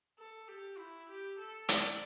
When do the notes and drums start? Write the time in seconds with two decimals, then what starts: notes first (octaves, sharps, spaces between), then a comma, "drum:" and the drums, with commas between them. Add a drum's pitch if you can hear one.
0.18 A4
0.48 G4
0.78 E4
1.09 G4
1.39 A4
1.69 D5, drum: hi-hat